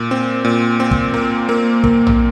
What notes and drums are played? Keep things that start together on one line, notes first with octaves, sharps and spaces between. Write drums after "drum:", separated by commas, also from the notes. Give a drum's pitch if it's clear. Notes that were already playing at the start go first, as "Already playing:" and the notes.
Already playing: A#2
C4
A#2
C4
drum: kick
A#3
A#3
A#3, drum: kick
drum: tom A#1